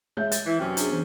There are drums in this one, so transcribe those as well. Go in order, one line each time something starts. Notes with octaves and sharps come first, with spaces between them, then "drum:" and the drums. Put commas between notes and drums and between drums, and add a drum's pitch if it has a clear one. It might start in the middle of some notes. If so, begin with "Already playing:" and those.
G#3 C#5 E5 G6
A6, drum: hi-hat
E3
F#2 C3 F#3 C#4 G5
D4 G#4, drum: hi-hat
E3 B3